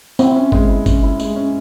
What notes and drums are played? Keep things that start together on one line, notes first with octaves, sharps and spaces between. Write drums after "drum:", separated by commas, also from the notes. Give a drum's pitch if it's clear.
C4 E4, drum: tambourine
C#4
G#3, drum: kick
E4
C#4, drum: kick, tambourine
E4
G#3, drum: tambourine
C#4